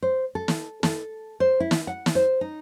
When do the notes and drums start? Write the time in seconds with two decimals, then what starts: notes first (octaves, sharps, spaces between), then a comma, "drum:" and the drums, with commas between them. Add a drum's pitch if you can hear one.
0.03 C5
0.35 A4
0.48 drum: snare
0.83 A4, drum: snare
1.40 C5
1.60 E4
1.71 drum: snare
1.87 F#5
2.06 drum: snare
2.15 C5
2.41 D#4